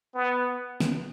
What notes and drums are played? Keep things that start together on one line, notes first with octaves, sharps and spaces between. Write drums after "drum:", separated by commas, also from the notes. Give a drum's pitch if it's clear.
B3
drum: snare